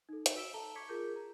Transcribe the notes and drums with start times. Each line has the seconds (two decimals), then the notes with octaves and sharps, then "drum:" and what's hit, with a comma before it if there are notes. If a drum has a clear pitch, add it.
0.09 D#4 A4
0.26 drum: hi-hat
0.36 F#4 E6 B6 D7 E7 G7
0.54 A4 A5 A#5 G7
0.75 C#6 D6 G#6 B6 C#7
0.89 F4 G#4 A#4 D6 G6
1.16 A#5